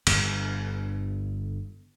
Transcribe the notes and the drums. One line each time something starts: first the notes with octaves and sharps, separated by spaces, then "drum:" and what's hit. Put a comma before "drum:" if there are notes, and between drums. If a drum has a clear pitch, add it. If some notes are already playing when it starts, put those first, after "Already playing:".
G1 G2 D3 B3, drum: cymbal